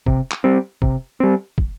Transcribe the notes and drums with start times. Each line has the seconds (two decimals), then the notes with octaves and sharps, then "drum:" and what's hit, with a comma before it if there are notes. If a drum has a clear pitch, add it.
0.06 C3, drum: kick
0.31 drum: clap
0.44 G3 C4
0.82 C3, drum: kick
1.20 G3 C4
1.58 drum: kick